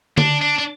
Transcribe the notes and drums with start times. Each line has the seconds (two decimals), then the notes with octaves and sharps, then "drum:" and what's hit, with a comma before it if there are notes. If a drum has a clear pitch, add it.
0.18 D4, drum: tom D3
0.41 D4
0.58 D4